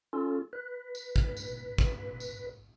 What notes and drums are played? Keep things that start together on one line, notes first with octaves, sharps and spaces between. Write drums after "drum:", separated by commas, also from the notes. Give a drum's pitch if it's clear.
C#4 F4 A4
B4
drum: tambourine
drum: kick
drum: tambourine
drum: kick, tambourine
drum: tambourine